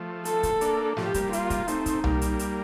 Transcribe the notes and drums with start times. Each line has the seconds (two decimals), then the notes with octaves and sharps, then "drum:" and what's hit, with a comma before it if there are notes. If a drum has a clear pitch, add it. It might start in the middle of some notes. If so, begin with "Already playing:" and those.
Already playing: F3 A3
0.25 A4, drum: hi-hat
0.43 drum: kick, hi-hat
0.61 A#3 D4, drum: hi-hat
0.97 F3 A3 G4, drum: snare
1.14 G3 A#3, drum: kick, hi-hat
1.33 F4, drum: hi-hat
1.50 drum: kick, hi-hat
1.68 A3 C4 D#4, drum: hi-hat
1.86 drum: kick, hi-hat
2.04 G3 A#3, drum: tom C2
2.21 drum: hi-hat
2.39 drum: hi-hat